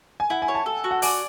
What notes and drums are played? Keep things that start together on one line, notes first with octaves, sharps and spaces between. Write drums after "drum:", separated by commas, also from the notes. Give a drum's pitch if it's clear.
G#5
E4 F#5
G#5
C#5
A5
A4
F#4
F#5
D5 G#5, drum: open hi-hat